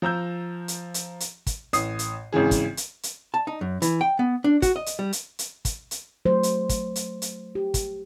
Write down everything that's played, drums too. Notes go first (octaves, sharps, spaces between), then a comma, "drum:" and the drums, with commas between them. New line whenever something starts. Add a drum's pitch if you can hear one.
F3 A#5 E6 G6
drum: hi-hat
drum: hi-hat
drum: hi-hat
drum: kick, hi-hat
A1 D#6 C7, drum: hi-hat
drum: hi-hat
G#1 C#3 E3 G#4
drum: kick, hi-hat
drum: hi-hat
drum: hi-hat
A5
D#4
F#2
E3, drum: hi-hat
G5
B3
D4
F#4, drum: kick, hi-hat
D#5
drum: hi-hat
G3
drum: hi-hat
drum: hi-hat
drum: kick, hi-hat
drum: hi-hat
F#3 A3 C5
drum: hi-hat
drum: kick, hi-hat
drum: hi-hat
drum: hi-hat
G4
drum: kick, hi-hat